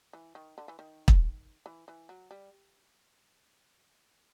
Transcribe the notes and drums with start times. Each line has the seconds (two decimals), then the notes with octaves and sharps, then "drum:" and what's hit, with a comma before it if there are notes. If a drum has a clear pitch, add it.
0.13 E3
0.35 D#3
0.58 D3
0.68 E3
0.79 D#3
1.08 drum: kick
1.66 E3
1.88 E3
2.09 F#3
2.31 G3